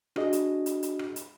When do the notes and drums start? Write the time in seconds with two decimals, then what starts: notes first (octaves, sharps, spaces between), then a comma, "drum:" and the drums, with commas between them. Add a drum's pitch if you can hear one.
0.16 D4 F#4 G#4 D#5, drum: rim click
0.33 drum: hi-hat
0.66 drum: hi-hat
0.83 drum: hi-hat
0.99 drum: rim click
1.16 drum: hi-hat